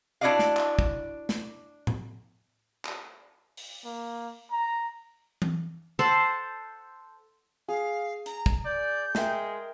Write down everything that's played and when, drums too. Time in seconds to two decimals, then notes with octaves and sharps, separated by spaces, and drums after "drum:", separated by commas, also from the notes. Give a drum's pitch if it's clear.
0.21 D4 E4 F#4 D5 D#5 F5
0.39 drum: snare
0.57 drum: clap
0.79 drum: kick
1.29 drum: snare
1.87 drum: tom A2
2.85 drum: clap
3.57 drum: open hi-hat
3.84 A#3
4.51 A#5
5.42 drum: tom E3
5.99 A4 C5 F#5 A5
7.68 G#4 F5
8.26 A#5, drum: hi-hat
8.46 drum: kick
8.65 D5 G6
9.15 G#3 A#4 E5 G5, drum: snare